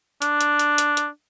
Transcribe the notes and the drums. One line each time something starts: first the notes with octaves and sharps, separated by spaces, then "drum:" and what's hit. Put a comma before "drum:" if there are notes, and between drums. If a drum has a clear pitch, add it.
D4, drum: hi-hat
drum: hi-hat
drum: hi-hat
drum: hi-hat
drum: hi-hat